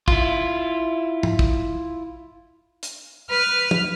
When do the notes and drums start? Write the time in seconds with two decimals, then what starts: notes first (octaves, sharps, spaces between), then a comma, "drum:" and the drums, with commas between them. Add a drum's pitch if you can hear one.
0.08 E4 F4, drum: kick
1.23 drum: tom
1.39 drum: kick
2.83 drum: hi-hat
3.30 B4 F6
3.71 drum: tom